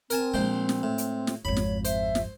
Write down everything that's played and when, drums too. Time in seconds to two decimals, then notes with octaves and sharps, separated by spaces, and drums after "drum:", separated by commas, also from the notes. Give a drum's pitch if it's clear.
0.10 C4 A#4 G#5 A5, drum: hi-hat
0.34 A#1 G#3 A3 C5 G5
0.69 drum: snare
0.83 A2
0.98 drum: hi-hat
1.27 drum: snare
1.45 G#1 F2 C#5 B5
1.57 drum: snare
1.85 C5 E5, drum: hi-hat
2.15 drum: snare